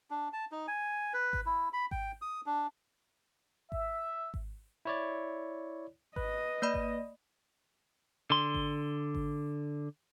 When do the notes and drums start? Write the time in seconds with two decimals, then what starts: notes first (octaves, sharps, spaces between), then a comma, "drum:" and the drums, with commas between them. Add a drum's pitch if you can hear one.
0.10 D4
0.33 A5
0.52 D#4
0.68 G#5
1.13 B4
1.33 drum: kick G#1
1.46 E4
1.73 B5
1.91 G5, drum: kick G#1
2.22 D#6
2.46 D4
3.72 E5, drum: kick G#1
4.34 drum: kick G#1
4.85 E4 C#5 D5
6.16 B4 D#5, drum: kick G#1
6.62 A#3 D5 B5
6.74 drum: kick G#1
8.30 D3 C6
8.54 drum: kick G#1
9.15 drum: kick G#1